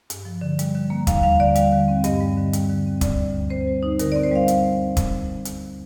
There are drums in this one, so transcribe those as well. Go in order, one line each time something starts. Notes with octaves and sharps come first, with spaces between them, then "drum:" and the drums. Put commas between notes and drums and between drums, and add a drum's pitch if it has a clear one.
G2, drum: hi-hat
F3
D3
G3, drum: hi-hat
D3
A#3
D#2 F5, drum: kick, hi-hat
G3 F5
D3 D5
G3 F5, drum: hi-hat
D3
C4
G2 D#5, drum: hi-hat
G3
D3
G3, drum: hi-hat
D3
C4
D2 D5, drum: kick, hi-hat
G3
D3
C4 C5
G3
D#4
D3 A#4, drum: hi-hat
D5
C4
C5
G3 F5
drum: hi-hat
drum: kick, hi-hat
drum: hi-hat